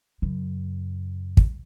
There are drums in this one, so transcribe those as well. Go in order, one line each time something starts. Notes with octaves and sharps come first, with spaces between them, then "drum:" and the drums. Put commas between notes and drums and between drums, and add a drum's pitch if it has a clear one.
F#2 C#3
drum: kick